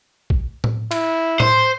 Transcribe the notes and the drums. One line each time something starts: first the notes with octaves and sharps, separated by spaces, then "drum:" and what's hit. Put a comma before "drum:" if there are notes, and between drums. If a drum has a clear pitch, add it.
drum: kick
drum: tom A2
E4, drum: cymbal
C5, drum: tom A2